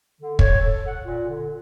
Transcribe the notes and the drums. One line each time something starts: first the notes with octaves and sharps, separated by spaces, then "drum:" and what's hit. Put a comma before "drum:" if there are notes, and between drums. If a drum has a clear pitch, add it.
D3
C#5, drum: kick
A4
F#5
A#2
D3